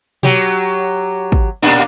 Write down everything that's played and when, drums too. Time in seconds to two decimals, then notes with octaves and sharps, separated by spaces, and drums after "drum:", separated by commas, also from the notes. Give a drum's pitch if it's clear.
0.23 F#3 G4, drum: tom B2
1.32 drum: kick
1.62 A#2 A#3 D4